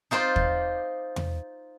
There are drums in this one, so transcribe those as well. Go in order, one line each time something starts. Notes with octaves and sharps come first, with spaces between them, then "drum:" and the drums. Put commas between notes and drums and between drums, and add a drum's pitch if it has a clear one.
D#4 F4 C5 D5
drum: kick
drum: tom E2